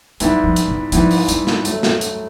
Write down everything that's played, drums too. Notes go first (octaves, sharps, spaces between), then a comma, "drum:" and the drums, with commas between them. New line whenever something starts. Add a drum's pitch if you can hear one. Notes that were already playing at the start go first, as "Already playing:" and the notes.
G#2 E3 F#3 G3 B3 E4, drum: hi-hat
F3
drum: hi-hat
E3
G#2 E3 F3 G3 B3 E4, drum: hi-hat
drum: open hi-hat
G3, drum: hi-hat
drum: snare
F#3 A3, drum: hi-hat
drum: snare
drum: hi-hat